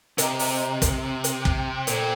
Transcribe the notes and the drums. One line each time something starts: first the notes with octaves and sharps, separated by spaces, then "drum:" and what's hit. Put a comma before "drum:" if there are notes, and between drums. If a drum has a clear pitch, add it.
C3 C5 D#5 A#5, drum: hi-hat
drum: open hi-hat
drum: kick, hi-hat
drum: hi-hat
drum: kick
A#2 A4 C5 G5, drum: hi-hat